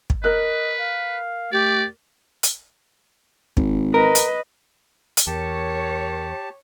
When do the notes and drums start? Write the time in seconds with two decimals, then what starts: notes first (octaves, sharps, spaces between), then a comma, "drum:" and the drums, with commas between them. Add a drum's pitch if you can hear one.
0.10 drum: kick
0.24 A#4 B4 D#5 F#6
0.79 F5
1.52 A3 G4 D5
2.43 drum: hi-hat
3.57 G#1, drum: kick
3.94 A#4 B4 D#5
4.15 drum: hi-hat
5.17 drum: hi-hat
5.27 E2 G4 A#4 C#5 A5